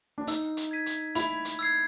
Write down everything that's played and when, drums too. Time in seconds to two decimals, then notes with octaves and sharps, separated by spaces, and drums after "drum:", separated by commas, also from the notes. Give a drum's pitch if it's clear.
0.18 D4
0.27 D#4 E6, drum: hi-hat
0.57 drum: hi-hat
0.71 G#6 B6 D#7
0.86 drum: hi-hat
1.15 E4 B5, drum: hi-hat
1.45 drum: hi-hat
1.59 E6 G#6 C7